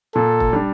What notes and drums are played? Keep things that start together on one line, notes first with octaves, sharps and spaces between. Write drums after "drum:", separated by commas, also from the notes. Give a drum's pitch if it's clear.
A#2 A4
drum: kick
G3 D4